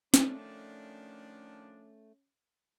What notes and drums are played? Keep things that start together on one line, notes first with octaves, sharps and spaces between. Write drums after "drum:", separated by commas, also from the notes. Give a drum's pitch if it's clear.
D#3 F3 A3 C#4 D4, drum: snare